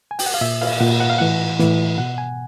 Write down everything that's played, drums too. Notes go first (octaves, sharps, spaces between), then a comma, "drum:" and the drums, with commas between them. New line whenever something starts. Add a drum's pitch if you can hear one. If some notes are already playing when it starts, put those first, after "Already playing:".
G#5
G5, drum: open hi-hat
F#5
F5
A#2 E5
F5, drum: cymbal
A#2 F#5
F#5
F5
A2 E3 F#5
A2 E3, drum: snare
B2 F#5
G#5